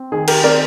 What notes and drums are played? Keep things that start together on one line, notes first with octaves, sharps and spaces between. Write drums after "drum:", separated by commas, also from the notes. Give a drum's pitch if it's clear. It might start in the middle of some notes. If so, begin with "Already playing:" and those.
Already playing: C4
D#3 G#4
G4 A#4, drum: cymbal
C4 A#4 D5